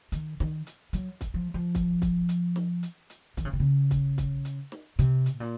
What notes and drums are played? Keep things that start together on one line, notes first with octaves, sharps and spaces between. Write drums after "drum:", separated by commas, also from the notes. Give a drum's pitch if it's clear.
D#3, drum: hi-hat
D#3, drum: snare
drum: hi-hat
F#3, drum: hi-hat
drum: kick, hi-hat
F3
F3
drum: kick, hi-hat
drum: kick, hi-hat
drum: hi-hat
drum: snare
drum: hi-hat
drum: hi-hat
D#3, drum: kick, hi-hat
C#3
C3
C#3
drum: kick, hi-hat
drum: kick, hi-hat
drum: hi-hat
drum: snare
C3, drum: hi-hat
drum: hi-hat
A#2